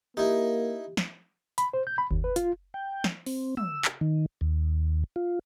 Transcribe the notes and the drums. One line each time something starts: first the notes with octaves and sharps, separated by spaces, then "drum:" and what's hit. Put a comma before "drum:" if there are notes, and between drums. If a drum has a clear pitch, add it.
A#3 D#4 E4 G4
drum: snare
B5, drum: hi-hat
C5
G6
B5
D#2, drum: kick F#1
B4
F4, drum: hi-hat
G5
drum: snare
C4, drum: open hi-hat
E6, drum: tom
drum: clap
D#3
D#2
F4